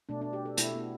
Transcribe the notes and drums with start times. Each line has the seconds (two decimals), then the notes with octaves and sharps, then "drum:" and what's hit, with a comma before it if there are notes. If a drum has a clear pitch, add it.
0.09 B2 A3 D4
0.21 D4
0.33 G4
0.45 A4
0.57 B2 A3 E4, drum: hi-hat
0.74 B3